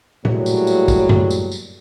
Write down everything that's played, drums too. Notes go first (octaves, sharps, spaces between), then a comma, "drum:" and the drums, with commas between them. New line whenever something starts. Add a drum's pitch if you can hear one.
A2 F#3 G3 A#3 F#4 G#4, drum: tom A#2
drum: tambourine
drum: tambourine
drum: kick, tambourine
drum: tom F#2
drum: tambourine
drum: tambourine